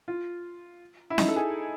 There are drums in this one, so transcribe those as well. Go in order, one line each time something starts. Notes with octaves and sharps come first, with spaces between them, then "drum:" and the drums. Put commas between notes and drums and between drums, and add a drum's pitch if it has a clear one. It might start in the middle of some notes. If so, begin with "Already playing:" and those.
F4
E4
D#4, drum: snare C#4
A4
G#4